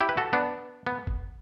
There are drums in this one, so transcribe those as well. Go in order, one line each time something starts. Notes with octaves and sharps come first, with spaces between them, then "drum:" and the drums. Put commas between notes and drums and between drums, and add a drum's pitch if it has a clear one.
E4 G4
B4
F#4 A4
B3 D4
B3
drum: kick F#1